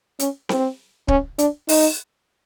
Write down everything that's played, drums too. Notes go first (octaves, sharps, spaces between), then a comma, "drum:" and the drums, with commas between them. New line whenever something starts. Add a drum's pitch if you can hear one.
C#4, drum: hi-hat
C4, drum: snare C4
C#4, drum: kick D1
D4, drum: hi-hat
D#4, drum: open hi-hat